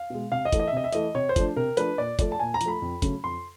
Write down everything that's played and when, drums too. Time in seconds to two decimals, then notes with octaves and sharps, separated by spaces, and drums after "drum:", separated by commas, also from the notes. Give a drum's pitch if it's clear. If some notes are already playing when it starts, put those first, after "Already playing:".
Already playing: F5
0.10 B2 G#3
0.31 C3 F5
0.45 D#5
0.52 E3 A3, drum: kick, hi-hat
0.60 D#5
0.68 E5
0.73 C3 D#5
0.84 E5
0.92 E3 A3 D#5, drum: hi-hat
1.15 C3 C#5
1.29 C5
1.36 F3 A3 D4, drum: kick, hi-hat
1.56 C3 A#4
1.77 F3 A3 D4 B4, drum: hi-hat
1.98 A#2 D5
2.19 F3 A3 D5, drum: kick, hi-hat
2.32 A5
2.40 A#2 G#5
2.54 A#5
2.61 F3, drum: hi-hat
2.66 A3 B5
2.82 F2
3.02 C#3 F#3 A3 C#4, drum: kick, hi-hat
3.24 F2 C6